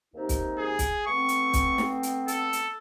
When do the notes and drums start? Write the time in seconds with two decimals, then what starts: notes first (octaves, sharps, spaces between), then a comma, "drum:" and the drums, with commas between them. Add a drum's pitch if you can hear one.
0.14 D#2 C3 D#4
0.29 drum: kick, hi-hat
0.58 G#4
0.79 drum: kick, hi-hat
1.07 A3 B3 C4 C#6
1.28 drum: hi-hat
1.53 drum: kick, hi-hat
1.78 drum: snare
2.03 drum: hi-hat
2.28 A4, drum: hi-hat
2.53 drum: hi-hat